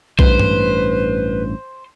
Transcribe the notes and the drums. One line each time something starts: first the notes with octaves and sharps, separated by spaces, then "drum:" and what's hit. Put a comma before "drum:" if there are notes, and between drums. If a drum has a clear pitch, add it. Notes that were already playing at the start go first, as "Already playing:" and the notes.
A1 G2 B4 C5, drum: kick B1
drum: tom G2